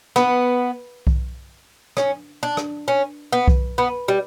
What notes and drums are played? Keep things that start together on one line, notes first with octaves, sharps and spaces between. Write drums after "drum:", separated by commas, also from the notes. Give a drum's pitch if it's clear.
B3, drum: rim click
drum: kick B1
C#4, drum: rim click
D4
drum: rim click
C#4
B3
drum: kick B1
B3
G3